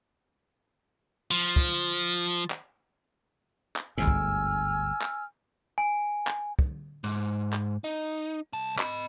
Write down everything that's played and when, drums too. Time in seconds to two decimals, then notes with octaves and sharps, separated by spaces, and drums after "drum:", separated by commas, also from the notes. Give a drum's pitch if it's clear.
1.31 F3
1.56 drum: kick
2.50 drum: clap
3.76 drum: clap
3.98 G1 D2 G#2 G#5 E6 F6
4.07 drum: kick
5.02 drum: clap
5.78 G#5
6.27 drum: clap
6.59 drum: kick
7.04 G#2
7.53 drum: clap
7.84 D#4
8.53 C2 A5
8.78 D#5 B5, drum: clap